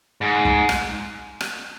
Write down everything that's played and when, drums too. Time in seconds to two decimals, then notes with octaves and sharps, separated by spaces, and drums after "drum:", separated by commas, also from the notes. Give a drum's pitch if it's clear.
0.21 G#2
0.45 drum: kick
0.69 drum: rim click
1.41 drum: rim click